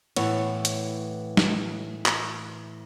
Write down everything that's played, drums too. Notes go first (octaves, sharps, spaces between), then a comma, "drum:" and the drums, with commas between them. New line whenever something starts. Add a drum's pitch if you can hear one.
A2 E3 B3 C#5, drum: cymbal
drum: hi-hat
drum: snare
drum: clap